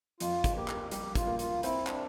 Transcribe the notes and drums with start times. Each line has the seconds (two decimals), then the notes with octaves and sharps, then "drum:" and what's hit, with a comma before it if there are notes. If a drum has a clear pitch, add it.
0.20 F2 F4, drum: hi-hat
0.44 drum: kick, hi-hat
0.56 A#3 G4
0.68 drum: clap
0.91 G3 G4, drum: hi-hat
1.15 F4, drum: kick, hi-hat
1.27 A#3
1.39 F4, drum: hi-hat
1.63 C4 E4, drum: hi-hat
1.87 D4, drum: clap